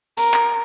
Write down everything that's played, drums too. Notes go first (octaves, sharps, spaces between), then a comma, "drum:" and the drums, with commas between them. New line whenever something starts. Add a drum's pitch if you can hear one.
A#4, drum: hi-hat
drum: clap